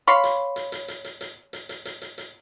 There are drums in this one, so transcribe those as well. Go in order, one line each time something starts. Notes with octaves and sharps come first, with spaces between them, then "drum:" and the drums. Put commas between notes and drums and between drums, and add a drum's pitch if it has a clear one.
C#5 F5 B5 C6
drum: hi-hat
drum: hi-hat
drum: hi-hat
drum: hi-hat
drum: hi-hat
drum: hi-hat
drum: hi-hat
drum: hi-hat
drum: hi-hat
drum: hi-hat
drum: hi-hat